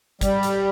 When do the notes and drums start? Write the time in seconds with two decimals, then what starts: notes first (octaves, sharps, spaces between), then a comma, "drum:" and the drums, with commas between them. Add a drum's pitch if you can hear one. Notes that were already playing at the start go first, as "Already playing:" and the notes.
0.21 G3, drum: kick, hi-hat
0.43 drum: hi-hat